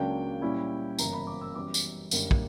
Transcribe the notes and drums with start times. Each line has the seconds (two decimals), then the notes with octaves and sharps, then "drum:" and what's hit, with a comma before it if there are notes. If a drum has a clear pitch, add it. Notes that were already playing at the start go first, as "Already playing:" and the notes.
Already playing: C#2 C#3 F#3 A#3 D4 G5
0.41 A#2 G3 C#4 E4
0.99 G1 F#2 C#3 E3 A#3 A#5, drum: tambourine
1.13 B5
1.27 D6
1.41 E6
1.55 F#2 E3 G3 B3 D6
1.74 drum: tambourine
2.11 F#1 F#2 D3 G3 A#3, drum: tambourine
2.31 drum: kick